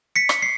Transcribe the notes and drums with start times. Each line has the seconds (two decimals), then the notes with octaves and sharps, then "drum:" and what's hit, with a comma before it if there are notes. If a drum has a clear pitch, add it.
0.16 B6 C#7
0.29 drum: rim click
0.42 C7